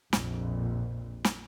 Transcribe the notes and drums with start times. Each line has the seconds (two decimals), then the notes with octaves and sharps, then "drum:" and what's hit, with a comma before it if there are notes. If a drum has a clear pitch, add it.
0.13 A#1 F2 A#2, drum: snare
1.25 drum: snare